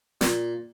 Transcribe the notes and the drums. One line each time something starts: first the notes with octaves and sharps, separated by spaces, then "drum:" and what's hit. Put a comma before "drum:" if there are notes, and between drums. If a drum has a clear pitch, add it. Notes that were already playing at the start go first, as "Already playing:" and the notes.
A#2, drum: snare